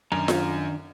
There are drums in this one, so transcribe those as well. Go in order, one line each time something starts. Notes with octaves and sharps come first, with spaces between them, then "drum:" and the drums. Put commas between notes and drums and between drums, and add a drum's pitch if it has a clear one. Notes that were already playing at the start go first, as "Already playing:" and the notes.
F#2 D#3 D4 A#5
drum: snare F4